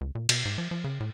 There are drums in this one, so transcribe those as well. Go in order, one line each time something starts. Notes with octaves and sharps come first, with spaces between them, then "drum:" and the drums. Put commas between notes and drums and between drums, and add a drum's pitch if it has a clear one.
C#2
A#2
B2, drum: cymbal
G#2
F3
F3
C#3
A2